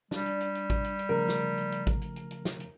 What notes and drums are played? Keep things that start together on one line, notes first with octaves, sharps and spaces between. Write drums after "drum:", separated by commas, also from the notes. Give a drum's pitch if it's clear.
G3 D4 D5, drum: snare
drum: hi-hat
drum: hi-hat
drum: hi-hat
drum: kick A1, hi-hat
drum: hi-hat
drum: hi-hat
C#3 F3 A3 A#4
drum: snare
drum: hi-hat
drum: hi-hat
drum: kick A1, hi-hat
drum: hi-hat
drum: hi-hat
drum: hi-hat
drum: snare
drum: hi-hat